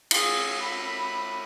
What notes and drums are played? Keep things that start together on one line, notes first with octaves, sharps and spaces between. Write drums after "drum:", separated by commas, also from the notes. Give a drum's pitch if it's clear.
F4 G#4, drum: cymbal
B5